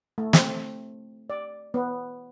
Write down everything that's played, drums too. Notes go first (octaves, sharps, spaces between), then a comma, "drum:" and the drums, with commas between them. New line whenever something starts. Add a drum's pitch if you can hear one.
A3
C4, drum: snare
D5
B3